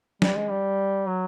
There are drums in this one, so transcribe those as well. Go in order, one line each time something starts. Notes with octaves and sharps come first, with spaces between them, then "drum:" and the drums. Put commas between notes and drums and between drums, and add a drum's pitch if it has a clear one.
G3, drum: snare
G#3
G3
F#3